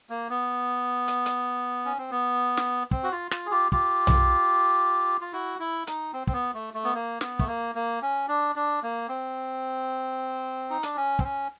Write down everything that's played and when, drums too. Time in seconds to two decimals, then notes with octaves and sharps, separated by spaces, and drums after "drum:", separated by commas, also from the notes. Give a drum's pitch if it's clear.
0.10 A#3
0.30 B3
1.08 drum: hi-hat
1.26 drum: hi-hat
1.85 C#4
1.98 C4
2.11 B3
2.57 drum: snare
2.91 C4, drum: kick
3.04 F#4
3.12 F4
3.31 F4, drum: rim click
3.46 G#4
3.51 F4 G4
3.72 F4 G4, drum: kick
4.07 drum: tom B1
5.21 F4
5.33 E4 F#4
5.59 E4
5.87 D#4, drum: hi-hat
6.13 C4
6.27 C4, drum: kick
6.33 B3
6.54 A3
6.74 A3
6.84 B3
6.95 A#3
7.21 B3, drum: snare
7.39 A3, drum: kick
7.47 A#3
7.75 A#3
8.02 C#4
8.28 D4
8.56 D4
8.83 A#3
9.09 C4
10.70 D#4
10.83 D4, drum: hi-hat
10.96 C#4
11.19 C4, drum: kick
11.24 C#4